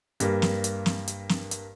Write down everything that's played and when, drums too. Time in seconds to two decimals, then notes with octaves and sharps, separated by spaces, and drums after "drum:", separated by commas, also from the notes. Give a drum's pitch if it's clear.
0.20 G2 A#3, drum: hi-hat
0.42 drum: snare
0.64 drum: hi-hat
0.86 drum: snare
1.08 drum: hi-hat
1.29 drum: snare
1.51 drum: hi-hat